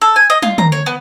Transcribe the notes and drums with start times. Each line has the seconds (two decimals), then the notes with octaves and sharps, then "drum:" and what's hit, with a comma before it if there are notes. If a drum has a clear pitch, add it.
0.01 A4
0.16 G#5
0.30 D#5
0.42 F4, drum: tom
0.58 A#5, drum: tom
0.72 C#5
0.86 B3